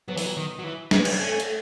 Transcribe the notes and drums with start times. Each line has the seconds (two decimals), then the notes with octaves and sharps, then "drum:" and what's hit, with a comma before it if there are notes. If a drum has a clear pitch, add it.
0.08 F#3 B3
0.17 E3, drum: open hi-hat
0.26 F#3
0.37 D#3
0.59 F#3
0.64 E3
0.91 G#3 B3, drum: snare
1.05 drum: cymbal
1.19 A3 C#4
1.40 drum: hi-hat